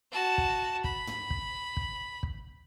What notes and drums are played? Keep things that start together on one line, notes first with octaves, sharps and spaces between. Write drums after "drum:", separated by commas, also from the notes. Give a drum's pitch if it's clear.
F#4 A5
drum: kick
B5, drum: kick
drum: tom
drum: kick
drum: kick
drum: kick